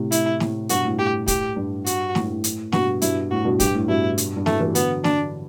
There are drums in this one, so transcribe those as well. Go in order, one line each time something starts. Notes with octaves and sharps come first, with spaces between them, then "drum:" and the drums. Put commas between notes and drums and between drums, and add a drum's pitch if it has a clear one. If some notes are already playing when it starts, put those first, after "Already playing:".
Already playing: A2 C3
E4, drum: hi-hat
A2, drum: snare
G2 B2 F#4, drum: hi-hat
A2
A2 G4
G4, drum: kick, hi-hat
G2
F#4, drum: hi-hat
A2, drum: snare
G2
A2
drum: hi-hat
G2 B2 F#4, drum: snare
G2 B2 E4, drum: hi-hat
A2 F#4
G2 B2
G2 G4, drum: kick, hi-hat
A2
G2 B2 E4
drum: hi-hat
G2
A2 A3, drum: snare
E3 G3
D3 F#3 B3, drum: hi-hat
D4, drum: snare